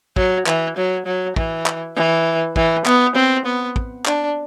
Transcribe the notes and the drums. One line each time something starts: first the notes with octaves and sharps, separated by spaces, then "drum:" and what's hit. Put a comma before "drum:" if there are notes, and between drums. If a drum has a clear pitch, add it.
F#3, drum: kick
E3, drum: clap
F#3
F#3
E3, drum: kick
drum: clap
E3
E3, drum: kick
B3, drum: clap
C4
B3
drum: kick
D4, drum: clap